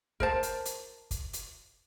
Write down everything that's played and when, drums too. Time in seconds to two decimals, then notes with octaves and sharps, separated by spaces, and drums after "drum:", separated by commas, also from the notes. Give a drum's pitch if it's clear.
0.20 A#4 C5 A5, drum: kick
0.43 drum: hi-hat
0.65 drum: hi-hat
1.11 drum: kick, hi-hat
1.33 drum: hi-hat